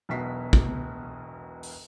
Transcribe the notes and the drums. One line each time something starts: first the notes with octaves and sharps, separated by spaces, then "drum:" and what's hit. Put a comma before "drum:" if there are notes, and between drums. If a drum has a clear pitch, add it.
E1 B1 B2 F#4 B6 C7
drum: kick
drum: open hi-hat